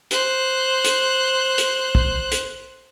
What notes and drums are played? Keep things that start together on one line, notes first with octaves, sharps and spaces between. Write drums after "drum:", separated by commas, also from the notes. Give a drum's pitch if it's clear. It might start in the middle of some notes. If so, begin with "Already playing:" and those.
C5 F#6, drum: hi-hat
drum: hi-hat
drum: hi-hat
drum: kick
drum: hi-hat